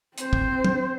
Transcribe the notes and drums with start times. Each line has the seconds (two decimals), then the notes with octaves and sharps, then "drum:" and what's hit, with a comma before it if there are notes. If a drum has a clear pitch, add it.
0.18 C4 C5, drum: hi-hat
0.33 drum: kick
0.65 drum: tom